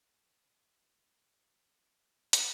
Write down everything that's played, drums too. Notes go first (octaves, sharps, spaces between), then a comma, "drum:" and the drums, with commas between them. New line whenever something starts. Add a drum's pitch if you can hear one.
G#4 C5
A#4
drum: hi-hat